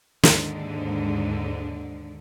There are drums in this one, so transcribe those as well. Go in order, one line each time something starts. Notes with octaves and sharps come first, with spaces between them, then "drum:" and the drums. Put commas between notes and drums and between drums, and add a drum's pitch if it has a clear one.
D#2 G#2 D3, drum: snare